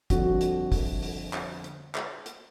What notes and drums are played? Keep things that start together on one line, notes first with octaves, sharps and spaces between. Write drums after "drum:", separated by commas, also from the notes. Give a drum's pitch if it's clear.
F2 D3 G3 F#4, drum: kick, hi-hat
drum: hi-hat
drum: kick, open hi-hat
drum: open hi-hat
drum: clap
drum: hi-hat
drum: clap
drum: hi-hat